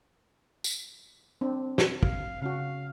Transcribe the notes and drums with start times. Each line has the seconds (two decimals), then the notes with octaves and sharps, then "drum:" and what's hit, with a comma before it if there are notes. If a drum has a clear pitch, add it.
0.64 drum: tambourine
1.41 C4 D4
1.78 drum: snare
2.03 F5, drum: kick
2.42 C#3 C#4 F#4 F5